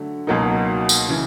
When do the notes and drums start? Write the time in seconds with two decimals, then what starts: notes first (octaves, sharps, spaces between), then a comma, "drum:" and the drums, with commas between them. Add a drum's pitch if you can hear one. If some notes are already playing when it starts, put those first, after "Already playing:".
Already playing: D3 F#3 A3
0.27 C#2 B2 F#3 A#3 D#4
0.89 drum: tambourine
1.09 C#3 E3